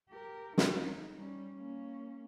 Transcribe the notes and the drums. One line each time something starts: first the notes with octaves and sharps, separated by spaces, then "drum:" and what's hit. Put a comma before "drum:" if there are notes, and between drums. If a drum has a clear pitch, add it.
G4 A#4
D#4, drum: snare
G3 C#4
A#3 C#4